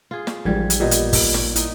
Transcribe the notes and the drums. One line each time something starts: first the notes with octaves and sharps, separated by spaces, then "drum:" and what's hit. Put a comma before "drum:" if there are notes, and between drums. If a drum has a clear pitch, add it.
F4 G#4
drum: snare
A1 G#2 F3 G3 F4 G#6
drum: hi-hat
A#2 B3 D#4 G4 D#5
drum: hi-hat
drum: kick, open hi-hat
drum: snare
D#4 E4, drum: hi-hat